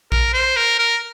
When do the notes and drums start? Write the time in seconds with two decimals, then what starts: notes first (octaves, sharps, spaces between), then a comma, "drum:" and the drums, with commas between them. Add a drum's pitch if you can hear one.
0.12 A#4, drum: kick A#1
0.33 C5
0.56 A#4
0.79 A#4